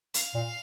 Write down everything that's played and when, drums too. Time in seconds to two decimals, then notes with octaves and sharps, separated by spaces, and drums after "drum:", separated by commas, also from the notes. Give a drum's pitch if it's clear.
0.14 F5, drum: hi-hat
0.35 A#2